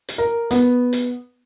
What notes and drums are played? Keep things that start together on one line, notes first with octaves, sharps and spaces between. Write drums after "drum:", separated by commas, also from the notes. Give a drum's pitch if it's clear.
drum: hi-hat
A#4
B3, drum: hi-hat
drum: hi-hat